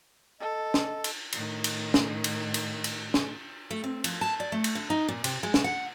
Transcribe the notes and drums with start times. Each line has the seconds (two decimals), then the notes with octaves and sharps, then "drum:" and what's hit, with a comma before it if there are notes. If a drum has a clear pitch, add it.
0.40 A4 D#5
0.74 drum: snare
1.04 drum: cymbal
1.32 A2 D#3, drum: cymbal
1.64 drum: cymbal
1.94 drum: snare
2.24 drum: cymbal
2.54 drum: cymbal
2.84 drum: cymbal
3.14 drum: snare
3.71 A3
3.84 C4
4.04 F3, drum: cymbal
4.21 A5
4.40 D5
4.52 A3
4.64 drum: cymbal
4.75 D3
4.90 D#4
5.08 A#2
5.24 C3, drum: cymbal
5.43 G#3
5.54 drum: snare
5.64 F#5